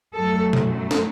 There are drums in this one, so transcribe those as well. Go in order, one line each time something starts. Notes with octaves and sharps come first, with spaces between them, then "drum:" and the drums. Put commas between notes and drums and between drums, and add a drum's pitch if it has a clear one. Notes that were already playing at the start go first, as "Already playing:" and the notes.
F#2 F#3 A3 A4
drum: tom B2
drum: snare